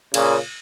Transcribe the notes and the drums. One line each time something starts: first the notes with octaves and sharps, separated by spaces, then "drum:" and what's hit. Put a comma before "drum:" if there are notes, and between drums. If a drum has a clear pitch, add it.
A#2 C#3, drum: cymbal